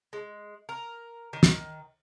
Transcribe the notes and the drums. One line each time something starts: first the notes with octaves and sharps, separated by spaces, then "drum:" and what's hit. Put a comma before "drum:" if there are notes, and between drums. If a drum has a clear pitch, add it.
G#3
A#4
D#3
drum: snare